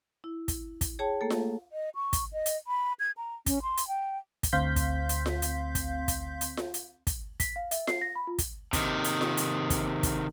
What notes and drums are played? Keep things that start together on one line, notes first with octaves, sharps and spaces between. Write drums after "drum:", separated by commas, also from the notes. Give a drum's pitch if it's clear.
E4
drum: kick, hi-hat
drum: kick, hi-hat
G#4 C#5 G5 A5
A3 A#3 A4
drum: snare F4
D#5
C#6
drum: kick, hi-hat
D#5
drum: hi-hat
B5
G#6
A#5
C#4, drum: kick, hi-hat
C6
drum: hi-hat
G5
drum: kick, hi-hat
D2 C4 F5 C6 G6 B6
drum: kick, hi-hat
drum: hi-hat
drum: snare F4
drum: hi-hat
drum: kick, hi-hat
drum: kick, hi-hat
drum: hi-hat
drum: snare F4
drum: hi-hat
drum: kick, hi-hat
B6, drum: kick, hi-hat
F5
E5, drum: hi-hat
C7, drum: snare F4
A#6
B5
F4
drum: kick, hi-hat
C3 D#3, drum: kick, hi-hat
drum: hi-hat
drum: snare F4
drum: hi-hat
drum: kick, hi-hat
drum: kick, hi-hat